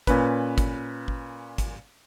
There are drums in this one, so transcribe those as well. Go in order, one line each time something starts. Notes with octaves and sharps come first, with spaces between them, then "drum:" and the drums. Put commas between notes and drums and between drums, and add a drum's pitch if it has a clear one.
A#2 C#4 B4, drum: kick, hi-hat
drum: kick, hi-hat
drum: kick
drum: kick, hi-hat